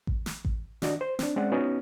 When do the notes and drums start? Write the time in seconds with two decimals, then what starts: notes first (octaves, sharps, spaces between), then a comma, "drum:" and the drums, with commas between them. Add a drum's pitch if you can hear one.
0.07 drum: kick A1
0.26 drum: snare
0.45 drum: kick A1
0.82 D#3 D4 F#4 D5 D#5, drum: snare
1.01 C5 C6
1.19 C4 D4, drum: snare
1.36 G#3 C4 C#4 G#4 D5 F#5
1.52 B3 C#4 D#4 F#4